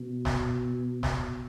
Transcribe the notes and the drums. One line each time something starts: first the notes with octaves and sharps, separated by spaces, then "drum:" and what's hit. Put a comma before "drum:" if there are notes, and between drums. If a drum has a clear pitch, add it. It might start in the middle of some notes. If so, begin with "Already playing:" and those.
Already playing: B2
drum: snare
B2, drum: snare